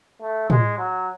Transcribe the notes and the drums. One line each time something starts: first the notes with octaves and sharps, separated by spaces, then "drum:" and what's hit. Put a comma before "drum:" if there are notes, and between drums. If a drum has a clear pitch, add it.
A3
G#3, drum: tom A2
F#3